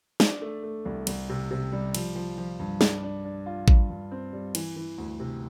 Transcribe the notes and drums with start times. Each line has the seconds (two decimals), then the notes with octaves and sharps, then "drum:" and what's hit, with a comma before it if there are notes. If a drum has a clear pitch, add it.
0.20 D4, drum: snare
0.42 A3
0.63 A3
0.85 C2
1.07 C2, drum: cymbal
1.29 C3
1.51 C3
1.72 G3
1.95 F3, drum: cymbal
2.15 F3
2.38 F3
2.59 G2
2.81 D4, drum: snare
3.03 D4
3.25 D4
3.46 F4
3.68 G2, drum: kick A1
3.90 G2
4.11 C4
4.33 G3
4.55 E3, drum: cymbal
4.76 E3
4.98 D2
5.20 C3